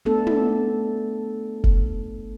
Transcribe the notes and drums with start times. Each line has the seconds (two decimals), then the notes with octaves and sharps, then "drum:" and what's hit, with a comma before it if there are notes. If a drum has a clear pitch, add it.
0.05 A3 B3 D4 A4
0.27 drum: tom
1.64 drum: kick